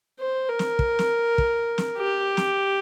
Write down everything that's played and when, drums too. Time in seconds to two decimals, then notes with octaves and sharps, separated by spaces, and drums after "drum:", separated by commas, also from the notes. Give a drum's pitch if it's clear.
0.20 C5
0.49 A#4
0.59 drum: snare
0.79 drum: kick
0.99 drum: snare
1.38 drum: kick
1.78 drum: snare
1.98 G4
2.37 drum: snare